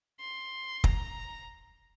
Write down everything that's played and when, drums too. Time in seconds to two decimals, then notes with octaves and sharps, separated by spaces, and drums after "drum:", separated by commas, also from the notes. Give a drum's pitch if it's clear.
0.20 C6
0.84 A#5, drum: kick